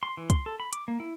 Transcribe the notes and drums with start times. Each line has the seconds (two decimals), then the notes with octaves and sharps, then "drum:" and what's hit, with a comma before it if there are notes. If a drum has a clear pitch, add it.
0.03 C6
0.17 E3
0.30 C6, drum: kick, hi-hat
0.46 A4
0.60 B5
0.73 D6, drum: hi-hat
0.88 A#3
1.00 E4